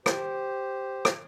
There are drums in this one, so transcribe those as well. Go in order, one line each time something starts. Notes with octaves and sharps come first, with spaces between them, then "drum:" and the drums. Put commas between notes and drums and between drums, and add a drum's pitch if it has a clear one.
G4 C5, drum: rim click
drum: rim click